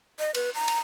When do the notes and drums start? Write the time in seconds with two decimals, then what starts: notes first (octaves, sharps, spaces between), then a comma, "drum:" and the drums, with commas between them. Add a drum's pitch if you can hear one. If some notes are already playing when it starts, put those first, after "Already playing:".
0.19 D#5
0.34 B4, drum: cymbal
0.54 A#5
0.68 drum: cymbal